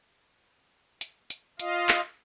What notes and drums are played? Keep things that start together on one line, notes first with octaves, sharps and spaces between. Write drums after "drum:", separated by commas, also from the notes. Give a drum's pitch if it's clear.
drum: hi-hat
drum: hi-hat
F4 D#5 F5, drum: hi-hat
drum: clap